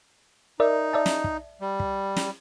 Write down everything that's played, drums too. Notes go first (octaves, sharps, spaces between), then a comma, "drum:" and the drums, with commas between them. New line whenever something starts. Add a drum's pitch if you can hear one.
D#4 A#4 D5 E5
D5 E5 A5
drum: snare
drum: kick
G3
drum: kick
drum: snare